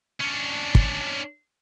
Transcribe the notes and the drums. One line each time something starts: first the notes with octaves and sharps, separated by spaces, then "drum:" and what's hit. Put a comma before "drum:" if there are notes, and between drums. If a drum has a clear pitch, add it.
C#4 D4
drum: kick